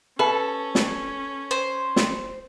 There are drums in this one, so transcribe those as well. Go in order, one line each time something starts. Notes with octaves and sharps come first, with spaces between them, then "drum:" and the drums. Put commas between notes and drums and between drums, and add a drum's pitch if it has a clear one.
C#4 A4 B4 E5 B5
drum: snare
C5
drum: snare